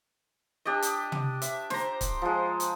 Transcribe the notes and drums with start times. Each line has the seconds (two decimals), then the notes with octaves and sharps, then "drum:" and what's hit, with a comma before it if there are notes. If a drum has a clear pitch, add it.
0.65 D4 G4 D5 D#5
0.82 drum: hi-hat
1.12 drum: tom
1.42 E5, drum: hi-hat
1.70 C5 A#5, drum: snare
2.01 drum: kick C#1, hi-hat
2.22 F3 G#3
2.60 drum: hi-hat